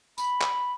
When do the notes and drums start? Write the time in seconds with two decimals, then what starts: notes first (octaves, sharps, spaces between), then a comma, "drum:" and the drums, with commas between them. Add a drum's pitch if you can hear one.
0.18 B5, drum: tambourine
0.41 drum: clap